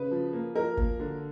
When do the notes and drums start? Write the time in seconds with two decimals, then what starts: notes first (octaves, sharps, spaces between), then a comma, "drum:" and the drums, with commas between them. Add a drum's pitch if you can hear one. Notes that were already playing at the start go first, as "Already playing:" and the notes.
Already playing: C#3 B4
0.11 F3
0.33 A#3
0.55 F3 A#4
0.77 A#3, drum: kick G1
1.00 D3